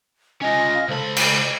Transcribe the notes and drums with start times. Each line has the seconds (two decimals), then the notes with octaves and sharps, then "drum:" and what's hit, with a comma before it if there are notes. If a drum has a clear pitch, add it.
0.42 C#4 F4 D#5 G#5
0.74 F5
0.89 C#2 A4 C5 B5
1.17 drum: cymbal